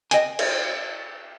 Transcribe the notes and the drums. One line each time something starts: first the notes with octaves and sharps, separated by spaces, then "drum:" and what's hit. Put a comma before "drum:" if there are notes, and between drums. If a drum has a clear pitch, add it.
D#5 G5 G#5, drum: hi-hat
drum: cymbal